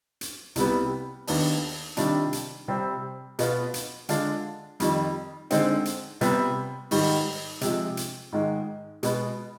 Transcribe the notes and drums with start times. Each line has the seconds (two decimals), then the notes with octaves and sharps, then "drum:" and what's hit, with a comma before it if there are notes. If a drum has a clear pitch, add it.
0.21 drum: hi-hat
0.56 C2 C3 G3 B3, drum: hi-hat
1.27 D#2 D#3 B3 D4, drum: open hi-hat
1.97 C3 D#3 G3 D4 F4, drum: hi-hat
2.33 drum: hi-hat
2.68 C3 G3 C4
3.39 B2 B3 F4, drum: hi-hat
3.74 drum: hi-hat
4.09 D3 G#3 D4 F4, drum: hi-hat
4.80 F2 D#3 G3, drum: hi-hat
5.50 D3 G#3 C4 D#4, drum: hi-hat
5.85 drum: hi-hat
6.21 C3 G3 B3, drum: hi-hat
6.91 G#2 D#3 G3, drum: open hi-hat
7.61 C3 F3 G#3, drum: hi-hat
7.97 drum: hi-hat
8.32 G#2 D#3 G#3
9.03 B2 G#3 B3, drum: hi-hat